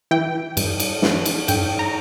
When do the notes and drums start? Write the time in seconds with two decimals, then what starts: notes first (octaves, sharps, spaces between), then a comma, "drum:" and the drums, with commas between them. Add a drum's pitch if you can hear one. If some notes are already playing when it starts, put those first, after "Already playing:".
0.11 E3 G5
0.57 G2, drum: cymbal
0.80 drum: cymbal
1.02 E3, drum: snare
1.26 drum: cymbal
1.48 G2 G5, drum: cymbal
1.79 A#5